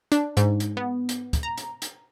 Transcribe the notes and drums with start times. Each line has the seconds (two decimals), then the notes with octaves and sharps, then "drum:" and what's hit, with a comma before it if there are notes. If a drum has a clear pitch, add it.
0.12 D4, drum: hi-hat
0.37 G#2, drum: hi-hat
0.60 drum: hi-hat
0.77 B3
1.09 drum: hi-hat
1.33 drum: kick, hi-hat
1.43 A#5
1.58 drum: hi-hat
1.82 drum: hi-hat